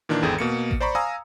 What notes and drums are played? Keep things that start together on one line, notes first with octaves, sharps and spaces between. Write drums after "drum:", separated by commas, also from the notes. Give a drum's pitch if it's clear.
A#2 D#3 E3 D4
G#1 E2 G#4 A4 G5
B2 A#3 C#7
drum: kick A1
C5 D5 A#5 B5 C#6
F5 G#5 A#5 D#6 E6